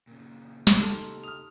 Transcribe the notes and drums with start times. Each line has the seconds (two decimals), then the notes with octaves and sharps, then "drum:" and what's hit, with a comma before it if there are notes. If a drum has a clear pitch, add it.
0.07 A#2 C#3
0.67 drum: snare
0.79 D#4 G4 A4 A5 C6 D6 F6
1.24 D#6 F6 F7